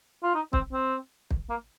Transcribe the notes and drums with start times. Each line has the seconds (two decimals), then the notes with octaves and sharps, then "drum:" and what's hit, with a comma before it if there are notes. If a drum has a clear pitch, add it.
0.23 F4
0.35 D#4
0.53 C4, drum: kick
0.73 C4
1.31 drum: kick
1.49 A#3